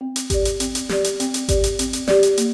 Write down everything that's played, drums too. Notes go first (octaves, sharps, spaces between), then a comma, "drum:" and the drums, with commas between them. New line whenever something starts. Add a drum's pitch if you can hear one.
C4
drum: hi-hat
G4 D5, drum: kick G#1, hi-hat
drum: hi-hat
C4, drum: hi-hat
drum: hi-hat
G4 D5, drum: snare
drum: hi-hat
C4, drum: hi-hat
drum: hi-hat
G4 D5, drum: kick G#1, hi-hat
drum: hi-hat
C4, drum: hi-hat
drum: hi-hat
G4 D5, drum: snare
drum: hi-hat
A#3, drum: hi-hat